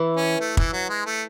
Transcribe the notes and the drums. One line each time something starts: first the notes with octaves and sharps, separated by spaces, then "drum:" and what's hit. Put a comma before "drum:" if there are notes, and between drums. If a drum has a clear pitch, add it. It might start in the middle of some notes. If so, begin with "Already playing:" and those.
Already playing: E3
C#4
A3
E3, drum: kick
F#3
G#3
A3